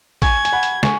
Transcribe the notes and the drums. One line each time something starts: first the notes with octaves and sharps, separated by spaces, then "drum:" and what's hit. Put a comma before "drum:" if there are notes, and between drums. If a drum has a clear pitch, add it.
G#5 C#6 G#6, drum: kick, hi-hat
G#5, drum: hi-hat
F#5 B5
drum: hi-hat
G#5 C#6, drum: snare